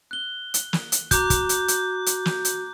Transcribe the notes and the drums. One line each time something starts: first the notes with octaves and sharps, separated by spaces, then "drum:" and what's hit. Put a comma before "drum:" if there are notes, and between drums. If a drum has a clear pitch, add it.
F#6 G7
drum: hi-hat
drum: snare
drum: hi-hat
F#4 A#5 D6 F#6 G6, drum: kick, hi-hat
drum: kick, hi-hat
drum: hi-hat
drum: hi-hat
drum: hi-hat
drum: snare
drum: hi-hat